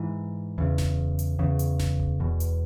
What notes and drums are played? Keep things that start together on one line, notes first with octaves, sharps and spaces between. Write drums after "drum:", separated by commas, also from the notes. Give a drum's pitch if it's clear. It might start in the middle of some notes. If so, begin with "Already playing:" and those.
Already playing: G#2 E3
E2 C#3
drum: snare D1
drum: hi-hat
E2 C#3
drum: hi-hat
drum: snare D1
drum: kick D1
E2 B2
drum: hi-hat